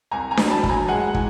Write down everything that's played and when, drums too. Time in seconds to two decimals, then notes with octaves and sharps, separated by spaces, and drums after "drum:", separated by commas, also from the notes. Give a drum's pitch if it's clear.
0.11 C2 G#5 A#5
0.31 G#5 A#5
0.37 F#3, drum: snare D4
0.50 A5 B5
0.64 F#3, drum: kick
0.69 G#5 A#5
0.88 G#3 F#5 G#5
1.15 E3, drum: kick